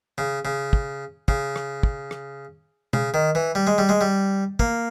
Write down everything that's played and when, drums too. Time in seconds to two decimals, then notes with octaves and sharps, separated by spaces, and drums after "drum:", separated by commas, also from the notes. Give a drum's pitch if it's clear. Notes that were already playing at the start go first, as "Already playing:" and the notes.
0.18 C#3
0.45 C#3
0.73 drum: kick
1.28 C#3, drum: kick
1.56 drum: rim click
1.83 drum: kick
2.11 drum: rim click
2.93 C#3, drum: tom
3.14 D#3
3.35 E3
3.55 G3
3.67 G#3
3.78 G3
3.89 G#3
4.01 G3
4.59 A#3, drum: kick